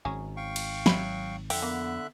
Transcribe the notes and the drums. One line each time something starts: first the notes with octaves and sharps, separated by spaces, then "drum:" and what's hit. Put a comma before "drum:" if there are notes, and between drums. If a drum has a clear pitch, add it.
G#1 F#3 C#4 G#4
F5 G5 C#6
drum: cymbal
F#3 E5 B5, drum: snare
F2 D3 E5 G5 F#6, drum: open hi-hat
A#3 B3